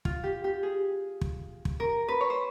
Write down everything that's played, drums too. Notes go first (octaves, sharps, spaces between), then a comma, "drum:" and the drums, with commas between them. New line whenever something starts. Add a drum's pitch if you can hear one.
F4, drum: kick
G4
G4
G#4
drum: kick
drum: kick
A#4
B4
C#5
C5